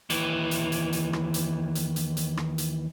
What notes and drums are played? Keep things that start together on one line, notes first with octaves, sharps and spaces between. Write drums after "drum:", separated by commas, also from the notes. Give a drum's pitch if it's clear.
D#2 E3, drum: hi-hat
drum: hi-hat
drum: hi-hat
drum: hi-hat
drum: rim click
drum: hi-hat
drum: hi-hat
drum: hi-hat
drum: hi-hat
drum: rim click
drum: hi-hat